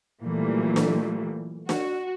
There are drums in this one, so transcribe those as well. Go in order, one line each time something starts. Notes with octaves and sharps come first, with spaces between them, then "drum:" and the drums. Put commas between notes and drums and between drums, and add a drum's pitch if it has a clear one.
A#2 E3 F#3 G3 A3 A#3
drum: snare
F#4, drum: snare